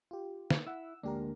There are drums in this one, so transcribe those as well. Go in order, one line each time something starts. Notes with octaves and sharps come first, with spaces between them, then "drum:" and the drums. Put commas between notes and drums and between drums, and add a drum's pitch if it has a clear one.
F4 G4
drum: snare
E4 F#5 E6
D2 G#3 A#3 D4 G4 A#4